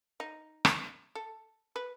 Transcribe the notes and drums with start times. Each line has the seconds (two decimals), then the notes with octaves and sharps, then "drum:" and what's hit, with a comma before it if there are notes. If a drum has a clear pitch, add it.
0.20 D#4
0.65 drum: rim click
1.15 A4
1.76 B4